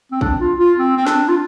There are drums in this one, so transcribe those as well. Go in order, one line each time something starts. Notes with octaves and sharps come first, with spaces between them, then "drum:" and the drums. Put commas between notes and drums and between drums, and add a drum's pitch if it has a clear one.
C4
D4, drum: kick
F4
F4
C4
C4
D4, drum: snare
F4